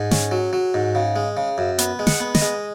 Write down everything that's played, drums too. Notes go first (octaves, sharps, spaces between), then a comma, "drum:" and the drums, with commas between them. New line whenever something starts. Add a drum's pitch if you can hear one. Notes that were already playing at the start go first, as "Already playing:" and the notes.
Already playing: G#2 G#4
C#4, drum: snare
F#3
F#3
G#2
C#3
G#3
C#3
F#2
B3, drum: hi-hat
G#3
F#5, drum: snare
B3
D#5, drum: snare
G#3